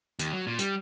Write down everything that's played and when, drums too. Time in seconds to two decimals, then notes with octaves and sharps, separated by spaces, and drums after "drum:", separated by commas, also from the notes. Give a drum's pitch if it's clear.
0.19 D#2, drum: hi-hat
0.33 F#3
0.47 A#2
0.59 G3, drum: hi-hat